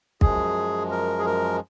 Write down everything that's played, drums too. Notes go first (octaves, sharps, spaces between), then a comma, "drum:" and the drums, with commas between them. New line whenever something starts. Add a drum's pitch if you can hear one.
F#2 F3 G#3 G#4, drum: kick
A#4
G#4
A#4